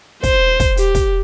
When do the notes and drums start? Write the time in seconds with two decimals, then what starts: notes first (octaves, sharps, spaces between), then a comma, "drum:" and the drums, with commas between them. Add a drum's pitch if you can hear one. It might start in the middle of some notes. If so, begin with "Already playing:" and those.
0.23 C5, drum: kick, hi-hat
0.60 drum: kick, hi-hat
0.77 G4, drum: hi-hat
0.95 drum: kick, hi-hat